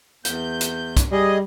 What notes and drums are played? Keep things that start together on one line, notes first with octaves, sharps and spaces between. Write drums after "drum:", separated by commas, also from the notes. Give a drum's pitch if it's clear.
E2 G6, drum: hi-hat
drum: hi-hat
drum: kick, hi-hat
G3 G#4 D#5